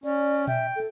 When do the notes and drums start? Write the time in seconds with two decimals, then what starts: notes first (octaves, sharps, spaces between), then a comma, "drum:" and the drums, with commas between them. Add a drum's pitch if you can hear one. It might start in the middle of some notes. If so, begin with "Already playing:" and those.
0.04 C#4 D5
0.47 E5 G5, drum: tom A#2
0.76 A4